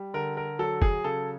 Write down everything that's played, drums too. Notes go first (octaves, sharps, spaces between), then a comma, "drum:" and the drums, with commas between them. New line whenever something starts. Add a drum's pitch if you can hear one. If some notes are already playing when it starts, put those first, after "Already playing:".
Already playing: G3
D3 A#4
A#4
F#3 A4
G#4, drum: kick
C#3 A4